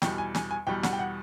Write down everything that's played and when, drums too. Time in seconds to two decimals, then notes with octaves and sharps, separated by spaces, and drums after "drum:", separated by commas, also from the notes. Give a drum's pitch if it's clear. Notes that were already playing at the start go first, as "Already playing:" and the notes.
0.02 E2 B2 G3 G5, drum: snare
0.18 G#5
0.35 G#5, drum: snare
0.51 G#5
0.67 E2 B2 G3 G5
0.83 F#5, drum: snare
0.93 G5
0.99 F#5